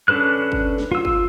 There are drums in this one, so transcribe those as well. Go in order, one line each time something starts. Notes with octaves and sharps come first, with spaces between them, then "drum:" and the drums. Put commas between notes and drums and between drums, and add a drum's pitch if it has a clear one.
C#4 D4 A4 B4 F#6
drum: kick G1
drum: snare
F4 E6
drum: kick G1